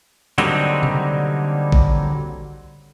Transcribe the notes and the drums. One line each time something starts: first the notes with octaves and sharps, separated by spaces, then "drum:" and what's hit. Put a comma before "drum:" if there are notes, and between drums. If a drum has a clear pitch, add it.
D3 F#3 G3 A#3 C4 D#4, drum: hi-hat
drum: tom
drum: kick A1